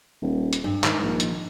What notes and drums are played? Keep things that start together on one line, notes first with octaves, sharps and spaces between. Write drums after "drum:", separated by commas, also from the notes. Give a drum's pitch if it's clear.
D#1
drum: hi-hat
G2
G#2 D#3, drum: clap
A#1
drum: hi-hat